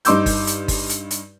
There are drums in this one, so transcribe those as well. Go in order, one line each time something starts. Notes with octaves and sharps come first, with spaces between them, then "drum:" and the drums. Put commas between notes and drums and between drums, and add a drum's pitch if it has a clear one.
G2 D#4 C6 D6 E6 G6, drum: hi-hat
drum: kick G1, open hi-hat
drum: hi-hat
drum: kick G1, open hi-hat
drum: hi-hat
drum: hi-hat